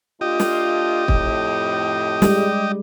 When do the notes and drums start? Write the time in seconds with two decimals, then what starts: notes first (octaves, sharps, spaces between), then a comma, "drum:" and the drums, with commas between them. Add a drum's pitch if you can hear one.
0.21 A3 D4 F4 G4 D#5
0.40 drum: snare
1.08 F2 A2, drum: kick
2.22 G3 G#3, drum: snare